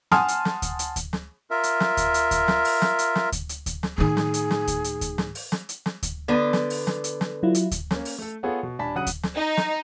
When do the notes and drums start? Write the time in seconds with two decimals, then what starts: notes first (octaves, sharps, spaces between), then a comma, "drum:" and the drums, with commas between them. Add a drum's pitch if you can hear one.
0.12 F#5 G#5 A5 C6 D#6 F6, drum: snare
0.28 drum: hi-hat
0.45 drum: snare
0.62 drum: kick D2, hi-hat
0.79 drum: hi-hat
0.96 drum: kick D2, hi-hat
1.13 drum: snare
1.51 F4 A#4 E5
1.63 drum: hi-hat
1.80 drum: snare
1.97 drum: kick D2, hi-hat
2.14 drum: hi-hat
2.31 drum: kick D2, hi-hat
2.48 drum: snare
2.65 drum: open hi-hat
2.82 drum: snare
2.99 drum: hi-hat
3.15 drum: snare
3.32 drum: kick D2, hi-hat
3.49 drum: hi-hat
3.66 drum: kick D2, hi-hat
3.83 drum: snare
3.98 A2 D#3 G#4
4.17 drum: snare
4.34 drum: hi-hat
4.51 drum: snare
4.67 drum: kick D2, hi-hat
4.84 drum: hi-hat
5.01 drum: kick D2, hi-hat
5.18 drum: snare
5.35 drum: open hi-hat
5.52 drum: snare
5.69 drum: hi-hat
5.86 drum: snare
6.03 drum: kick D2, hi-hat
6.28 D3 B3 D4
6.53 drum: snare
6.70 drum: open hi-hat
6.87 drum: snare
7.04 drum: hi-hat
7.21 drum: snare
7.43 F#3 E4 F4
7.55 drum: hi-hat
7.71 drum: kick D2, hi-hat
7.91 A#3 C#4, drum: snare
8.05 drum: open hi-hat
8.18 A3 A4
8.43 B3 F4 G#4 A4 C#5 F#5
8.63 B2
8.79 D#1 D4 G#5 A5 B5 B6
8.95 C#3 F#3 F#5 D#6 F#6 D#7
9.07 drum: kick D2, hi-hat
9.23 drum: snare
9.34 D#4
9.57 drum: snare